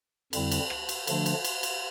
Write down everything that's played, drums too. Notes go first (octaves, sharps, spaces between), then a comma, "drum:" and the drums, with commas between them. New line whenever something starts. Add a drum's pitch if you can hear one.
F2 D3 G3 C4 E4, drum: cymbal
drum: cymbal
drum: rim click
drum: cymbal
D3 F3 A3 D4, drum: cymbal
drum: cymbal
drum: cymbal
drum: cymbal